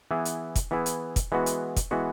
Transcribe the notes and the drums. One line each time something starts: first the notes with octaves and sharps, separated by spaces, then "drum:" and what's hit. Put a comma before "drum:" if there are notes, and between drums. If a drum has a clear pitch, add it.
E3 B3 E4 G#4
drum: hi-hat
drum: kick, hi-hat
E3 B3 E4 G#4
drum: hi-hat
drum: kick, hi-hat
E3 G#3 B3 F#4
drum: hi-hat
drum: kick, hi-hat
E3 G#3 B3 F#4